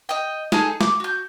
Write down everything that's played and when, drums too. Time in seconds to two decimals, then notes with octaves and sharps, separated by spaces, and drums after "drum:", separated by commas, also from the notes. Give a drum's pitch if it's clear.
0.09 D#5 G5
0.52 D#4 G#4 A4, drum: snare
0.81 D6, drum: snare
1.00 F#4 G6